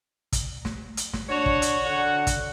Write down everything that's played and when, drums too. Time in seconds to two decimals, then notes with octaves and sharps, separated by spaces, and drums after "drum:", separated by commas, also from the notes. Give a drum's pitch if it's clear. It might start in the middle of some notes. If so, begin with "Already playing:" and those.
0.32 drum: kick, hi-hat
0.65 drum: snare
0.97 drum: hi-hat
1.13 drum: snare
1.30 D4 F#4 C#5
1.46 drum: kick
1.62 drum: hi-hat
1.86 D3 F#5
2.27 drum: kick, hi-hat